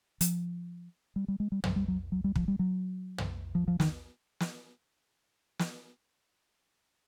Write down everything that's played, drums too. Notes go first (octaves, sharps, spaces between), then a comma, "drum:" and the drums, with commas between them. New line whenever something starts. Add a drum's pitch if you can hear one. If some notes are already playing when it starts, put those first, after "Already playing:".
F3, drum: hi-hat
G3
G3
G#3
G3
F#3, drum: tom
G3
F#3
F#3
G3
F3, drum: kick
G3
F#3
drum: tom
F3
F3
D#3, drum: snare
drum: snare
drum: snare